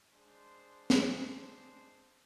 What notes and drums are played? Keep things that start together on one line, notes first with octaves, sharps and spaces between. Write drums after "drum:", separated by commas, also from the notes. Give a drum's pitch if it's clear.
G#3 D4 C5
drum: snare